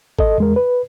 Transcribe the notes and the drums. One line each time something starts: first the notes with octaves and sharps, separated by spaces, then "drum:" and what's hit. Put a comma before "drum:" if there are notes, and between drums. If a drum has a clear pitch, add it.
A4 D#5, drum: kick
E2 G#3 A#4
B4